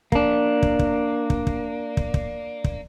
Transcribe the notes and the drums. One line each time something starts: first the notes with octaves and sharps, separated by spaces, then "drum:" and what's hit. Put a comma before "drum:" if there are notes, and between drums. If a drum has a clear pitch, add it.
A#3 D4, drum: kick
drum: kick
drum: kick
drum: kick
drum: kick
drum: kick
drum: kick
drum: kick